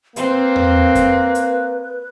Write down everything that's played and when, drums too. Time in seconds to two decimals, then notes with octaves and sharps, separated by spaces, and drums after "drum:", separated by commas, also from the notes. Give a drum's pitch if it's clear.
0.16 A#3 C4 B4, drum: hi-hat
0.56 drum: tom E2
0.95 drum: kick F2, hi-hat
1.35 drum: hi-hat